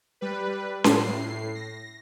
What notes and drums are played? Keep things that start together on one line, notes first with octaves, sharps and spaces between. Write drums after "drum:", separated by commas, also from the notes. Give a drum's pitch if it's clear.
G3 B4
A2 C7, drum: snare C#4
A#6